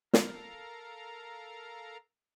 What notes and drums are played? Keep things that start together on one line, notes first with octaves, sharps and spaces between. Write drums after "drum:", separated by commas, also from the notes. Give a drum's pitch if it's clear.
A4 A#4 F5 A#5, drum: snare